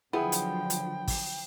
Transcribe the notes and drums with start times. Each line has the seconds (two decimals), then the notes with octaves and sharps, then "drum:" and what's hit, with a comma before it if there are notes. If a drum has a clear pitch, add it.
0.13 D3 F3 F#3 B3 E4 G#4 G5
0.32 drum: hi-hat
0.70 drum: hi-hat
1.08 drum: kick, open hi-hat